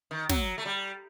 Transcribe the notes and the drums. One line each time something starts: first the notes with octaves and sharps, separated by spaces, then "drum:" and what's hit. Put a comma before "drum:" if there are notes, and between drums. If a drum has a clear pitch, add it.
D#3
F#3, drum: snare
A3
G3